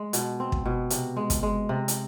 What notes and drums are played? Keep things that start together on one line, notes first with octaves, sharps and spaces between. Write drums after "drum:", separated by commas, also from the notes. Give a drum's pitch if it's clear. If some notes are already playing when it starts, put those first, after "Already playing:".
Already playing: G#3
B2, drum: hi-hat
C4
drum: kick
B2
C3, drum: hi-hat
G#3
drum: kick, hi-hat
G#3
C3
drum: hi-hat